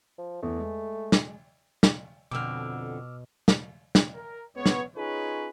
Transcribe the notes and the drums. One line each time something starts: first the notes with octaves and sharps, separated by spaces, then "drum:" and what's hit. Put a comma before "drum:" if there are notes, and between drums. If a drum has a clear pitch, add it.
F3
E2 A3
G#3
drum: snare
drum: snare
F2 B2 D3 D6 E6 F6
drum: snare
drum: snare
A#4
C#2 B3 C#5
drum: snare
C#4 D#4 F4 G#4 B4 C#5